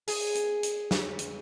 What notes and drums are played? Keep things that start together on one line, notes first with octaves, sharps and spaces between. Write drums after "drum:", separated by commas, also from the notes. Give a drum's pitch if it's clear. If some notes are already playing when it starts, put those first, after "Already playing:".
G#4, drum: open hi-hat
drum: hi-hat
drum: hi-hat
drum: snare
drum: hi-hat